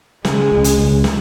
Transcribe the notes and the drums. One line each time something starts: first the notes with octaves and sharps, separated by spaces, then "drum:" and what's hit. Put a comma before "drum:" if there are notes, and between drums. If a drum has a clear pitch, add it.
C#3 G#3, drum: snare
C#2
drum: hi-hat
C#2
drum: snare